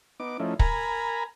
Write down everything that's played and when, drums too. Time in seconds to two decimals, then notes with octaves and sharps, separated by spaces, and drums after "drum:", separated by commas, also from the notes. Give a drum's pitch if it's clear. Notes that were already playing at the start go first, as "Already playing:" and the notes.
0.20 B3 D#4 D6
0.39 F3 A3 C#4 D#4 E4
0.59 A#4 G#5 A#5 B5, drum: kick